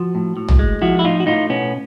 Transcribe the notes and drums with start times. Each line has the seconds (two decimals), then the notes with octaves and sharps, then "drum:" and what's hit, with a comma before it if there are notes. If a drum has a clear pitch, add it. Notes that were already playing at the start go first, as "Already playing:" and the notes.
Already playing: F3 F#4
0.15 A2
0.37 A2
0.48 drum: tom A1
0.59 G#3
0.82 F3 E4 F#4
0.99 E4
1.04 A2 D#4 F4
1.20 F#4
1.27 A2 D#4 F4
1.50 B2 B3 C#4